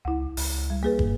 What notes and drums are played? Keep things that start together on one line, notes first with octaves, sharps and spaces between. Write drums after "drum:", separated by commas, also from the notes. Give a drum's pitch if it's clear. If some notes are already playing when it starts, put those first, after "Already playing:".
C#2 E4 F#5
C#2, drum: open hi-hat
G3
A#3 G#4 B4
G2, drum: kick